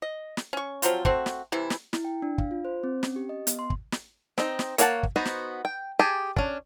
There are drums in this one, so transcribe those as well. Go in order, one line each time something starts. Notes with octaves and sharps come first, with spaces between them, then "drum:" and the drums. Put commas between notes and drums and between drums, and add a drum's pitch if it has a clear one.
D#5
drum: snare
C#4 C#6
F3 F#3 C4 F4, drum: hi-hat
A3 C4 F#4, drum: kick
drum: snare
C3 E3 E4
drum: snare
E4, drum: snare
G5
D4
F5, drum: kick
F4
C5
C4
C#4, drum: snare
G4
D#5
B3, drum: hi-hat
C6
drum: kick
drum: snare
C4 D#4, drum: snare
drum: snare
A#3 C#5 F5 F#5 A5, drum: hi-hat
drum: kick
B3 D#4 F#4 C5
drum: snare
G5
G4 G#4 G#5 A5
C#4 D4, drum: kick